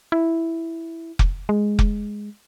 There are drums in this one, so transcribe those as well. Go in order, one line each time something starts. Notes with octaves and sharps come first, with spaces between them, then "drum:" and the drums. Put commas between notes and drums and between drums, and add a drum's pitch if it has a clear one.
E4
drum: kick F1
G#3
drum: kick F1